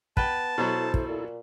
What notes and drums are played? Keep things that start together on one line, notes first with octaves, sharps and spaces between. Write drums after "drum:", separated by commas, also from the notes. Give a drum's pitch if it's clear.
B3 B4 G5 A5, drum: kick
B2 F#3 E4 A4 C5
drum: kick
A#2